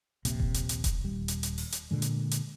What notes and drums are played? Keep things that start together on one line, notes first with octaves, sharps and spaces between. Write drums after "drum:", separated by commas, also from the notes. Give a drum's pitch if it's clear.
D#1 A#1 C3 A#3, drum: hi-hat
drum: kick E1
drum: hi-hat
drum: hi-hat
drum: kick E1, hi-hat
D#1 G3
drum: hi-hat
drum: hi-hat
drum: open hi-hat
drum: hi-hat
A#2 D3 G#3
drum: hi-hat
drum: hi-hat